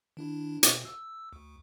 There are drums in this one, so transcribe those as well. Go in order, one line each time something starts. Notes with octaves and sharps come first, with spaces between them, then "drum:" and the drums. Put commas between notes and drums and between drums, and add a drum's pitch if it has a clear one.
D#3 D4 E4
B2, drum: hi-hat
E6
D2